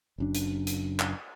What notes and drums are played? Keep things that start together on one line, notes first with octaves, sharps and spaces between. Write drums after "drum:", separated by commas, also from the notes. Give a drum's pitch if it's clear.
F#1 F#2 D4
drum: hi-hat
drum: hi-hat
drum: clap